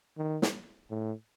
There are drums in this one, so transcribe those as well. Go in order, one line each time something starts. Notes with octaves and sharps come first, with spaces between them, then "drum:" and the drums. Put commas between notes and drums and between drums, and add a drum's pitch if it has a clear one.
D#3
drum: snare
A2